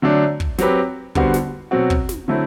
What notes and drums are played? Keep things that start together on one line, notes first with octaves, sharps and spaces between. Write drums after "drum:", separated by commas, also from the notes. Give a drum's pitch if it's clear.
D3 F#3 A3 D4
drum: kick
F#3 C4 G4 B4, drum: snare
D3 G3 B3 F#4 C5, drum: kick
drum: snare
B2 F#3 C4 F#4
drum: kick
drum: snare
D3 F#3 A3 C4 E4